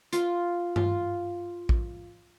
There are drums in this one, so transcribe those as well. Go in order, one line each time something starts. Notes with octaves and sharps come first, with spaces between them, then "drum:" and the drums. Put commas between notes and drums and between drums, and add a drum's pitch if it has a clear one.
F4, drum: hi-hat
F4, drum: tom G2
drum: kick A1